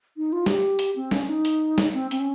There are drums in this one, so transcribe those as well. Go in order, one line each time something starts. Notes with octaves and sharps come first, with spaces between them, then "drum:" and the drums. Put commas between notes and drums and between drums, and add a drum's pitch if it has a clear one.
D#4
F4
G4, drum: snare
drum: hi-hat
C4
C#4, drum: snare
D#4
drum: hi-hat
drum: snare
C4
C4, drum: hi-hat
C#4